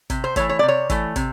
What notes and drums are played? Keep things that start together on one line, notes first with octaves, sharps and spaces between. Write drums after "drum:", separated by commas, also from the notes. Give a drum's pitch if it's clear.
C3, drum: kick, hi-hat
C5
E3 A3 C#5, drum: kick, hi-hat
C#5
C3 D5
C#5
E3 A3, drum: kick, hi-hat
C3, drum: kick, hi-hat